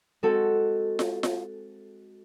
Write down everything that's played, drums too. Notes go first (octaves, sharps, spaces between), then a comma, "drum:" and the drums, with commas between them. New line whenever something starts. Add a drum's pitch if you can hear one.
G#3 C4 F#4 A4
drum: snare F4
drum: snare F4